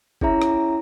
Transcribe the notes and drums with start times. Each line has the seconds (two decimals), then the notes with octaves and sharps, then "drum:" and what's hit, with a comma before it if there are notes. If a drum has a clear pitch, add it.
0.21 C#4 E4 G#4 C#5 E5 A#5, drum: kick
0.42 drum: rim click